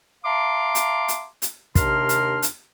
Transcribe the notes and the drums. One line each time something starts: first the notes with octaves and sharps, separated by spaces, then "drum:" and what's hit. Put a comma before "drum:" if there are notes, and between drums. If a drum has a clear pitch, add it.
E5 F5 A5 A#5 C6 D6
drum: hi-hat
drum: hi-hat
drum: hi-hat
D#2 C3 D4 A#4 C6 F6, drum: kick, hi-hat
drum: hi-hat
drum: hi-hat